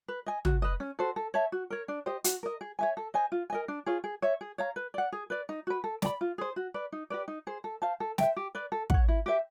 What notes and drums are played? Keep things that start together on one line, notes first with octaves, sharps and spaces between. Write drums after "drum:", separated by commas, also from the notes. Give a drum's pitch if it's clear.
B4
D#5 G#5
F#4, drum: tom
B4 D#5
C#4
F#4 A4 C5
A4
C#5 E5 A5
F#4
A#4 C#5
D4
G4 C5 D#5
F#4, drum: hi-hat
A#4 D#5
G#4
C#5 E5 G#5
A4
C5 D#5 G#5
F4
A#4 D#5 G#5
D4
F4 G#4 C#5
G#4
C#5 E5
G#4
C#5 F5 A#5
B4
D5 F#5
G#4
B4 D5
D#4
F#4 B4
A4
D5 G5 B5, drum: snare
F4
G#4 C5
F#4
B4 D5
D#4
G4 B4 D5
D#4
G#4 C5
A4
C5 F5 A5
A4
C5 E5 G5, drum: snare
G4
B4 D5
A4
C#5 F#5, drum: kick
E4
G4 C5 E5